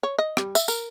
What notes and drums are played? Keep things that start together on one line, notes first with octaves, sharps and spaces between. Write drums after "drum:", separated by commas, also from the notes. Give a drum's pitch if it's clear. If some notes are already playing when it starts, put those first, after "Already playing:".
C#5
D#5
G3, drum: rim click
E5, drum: tambourine
A#4, drum: tambourine